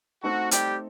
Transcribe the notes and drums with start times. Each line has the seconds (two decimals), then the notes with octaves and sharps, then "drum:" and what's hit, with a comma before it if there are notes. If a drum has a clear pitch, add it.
0.23 A3 C4 D#4 F#4 A4
0.51 G3 G4, drum: hi-hat